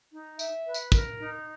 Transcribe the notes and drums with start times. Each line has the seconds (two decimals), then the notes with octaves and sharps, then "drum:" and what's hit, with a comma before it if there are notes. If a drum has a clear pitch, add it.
0.13 D#4
0.39 E5, drum: tambourine
0.65 B4
0.74 drum: tambourine
0.92 A#4, drum: kick, tambourine
1.18 D#4